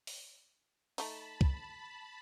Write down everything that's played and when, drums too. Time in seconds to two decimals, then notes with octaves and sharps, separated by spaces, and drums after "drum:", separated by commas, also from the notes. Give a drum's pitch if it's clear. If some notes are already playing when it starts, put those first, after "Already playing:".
0.07 drum: open hi-hat
0.98 A3 D#4 A5 B5, drum: open hi-hat
1.41 drum: kick